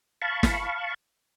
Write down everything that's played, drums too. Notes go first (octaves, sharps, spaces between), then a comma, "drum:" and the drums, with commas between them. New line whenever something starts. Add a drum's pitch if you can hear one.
F5 A5 B5 C#6
drum: snare